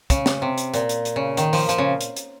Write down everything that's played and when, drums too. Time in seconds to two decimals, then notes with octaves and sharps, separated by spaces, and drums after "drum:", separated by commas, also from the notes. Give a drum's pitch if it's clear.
0.10 C#3, drum: kick, hi-hat
0.26 drum: snare
0.42 C3
0.58 drum: hi-hat
0.74 A#2, drum: hi-hat
0.89 drum: hi-hat
1.05 drum: hi-hat
1.16 C#3
1.37 D#3, drum: hi-hat
1.53 F3, drum: open hi-hat
1.69 F3, drum: hi-hat
1.78 C#3
2.01 drum: hi-hat
2.16 drum: hi-hat